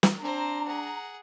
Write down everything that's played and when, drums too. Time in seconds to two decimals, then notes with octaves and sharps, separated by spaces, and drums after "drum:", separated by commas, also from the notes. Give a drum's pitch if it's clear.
0.03 drum: snare
0.21 C4 D4 C5 A#5
0.68 G#4 F#5